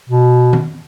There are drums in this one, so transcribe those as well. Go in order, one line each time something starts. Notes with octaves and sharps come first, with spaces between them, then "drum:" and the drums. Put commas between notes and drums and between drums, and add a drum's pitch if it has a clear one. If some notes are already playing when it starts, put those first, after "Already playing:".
B2
drum: tom D#3